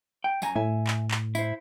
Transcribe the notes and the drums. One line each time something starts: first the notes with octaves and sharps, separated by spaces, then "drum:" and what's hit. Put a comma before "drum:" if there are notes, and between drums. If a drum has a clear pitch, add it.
G5
F#2 G#5 A#5, drum: tambourine
A2 E5 G#5
drum: clap
drum: clap
E4 C5, drum: tambourine